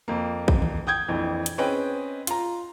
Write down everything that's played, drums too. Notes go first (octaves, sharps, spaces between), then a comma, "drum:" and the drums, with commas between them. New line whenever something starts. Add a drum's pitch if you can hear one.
F2 A#3
drum: kick
drum: tom D#3
G5 D#6 G6 G#6
A#1 F2 E3
drum: hi-hat
C4 C#4 G#4 B4 D#5 G5
F4 A#5, drum: hi-hat